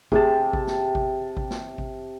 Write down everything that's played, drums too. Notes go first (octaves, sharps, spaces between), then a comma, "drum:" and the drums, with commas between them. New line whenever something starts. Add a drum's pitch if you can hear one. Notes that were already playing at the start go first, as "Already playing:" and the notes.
C3 G4 G#4 A5, drum: kick G#1
drum: kick G#1
drum: snare
drum: kick G#1
drum: kick G#1
drum: snare
drum: kick G#1